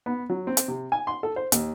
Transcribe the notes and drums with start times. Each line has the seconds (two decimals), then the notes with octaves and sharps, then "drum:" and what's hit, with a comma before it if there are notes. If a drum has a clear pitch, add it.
0.06 B3
0.29 F#3
0.47 C4
0.57 drum: hi-hat
0.68 C3
0.92 G#5
1.07 C6
1.23 A4
1.36 C5
1.52 D#2, drum: hi-hat